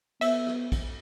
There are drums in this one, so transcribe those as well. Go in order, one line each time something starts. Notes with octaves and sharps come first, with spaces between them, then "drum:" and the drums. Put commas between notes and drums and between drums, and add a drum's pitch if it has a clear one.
B3 E5, drum: cymbal
drum: rim click
drum: kick, cymbal